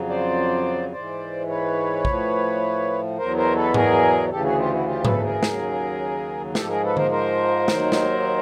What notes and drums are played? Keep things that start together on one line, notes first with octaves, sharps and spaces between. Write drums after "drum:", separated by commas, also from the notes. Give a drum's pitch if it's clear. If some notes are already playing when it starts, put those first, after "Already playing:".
Already playing: F2 C#3 F#3
C5 D5
G#2 E3 C5 D5
B4 C#5
A2 F3, drum: kick
E2 B2 F#3 A#4 C5
A#4 C5
A4 B4
G#4 A#4, drum: tom G#2
D2 C#3 E3 G4 A4
F#4 G#4
F4 G4
E4 F#4
F4 G4
A4 B4, drum: tom G#2
G#4 A#4
D#2 C#3 F#3, drum: snare
G#2 F3 G4 A4, drum: snare
G#4 A#4
A4 B4
A#4 C5, drum: tom D3
A#4 C5
D#2 D#3 F#3, drum: snare
drum: snare